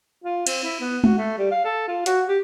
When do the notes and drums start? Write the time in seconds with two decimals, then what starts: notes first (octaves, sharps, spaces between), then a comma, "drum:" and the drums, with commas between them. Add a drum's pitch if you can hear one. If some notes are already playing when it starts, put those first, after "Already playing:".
0.24 F4
0.47 C4, drum: cymbal
0.64 E4
0.80 B3
1.04 F#4, drum: tom G#3
1.18 A3
1.38 G3
1.51 F5
1.65 A4
1.88 F4
2.06 F#4, drum: hi-hat
2.28 G4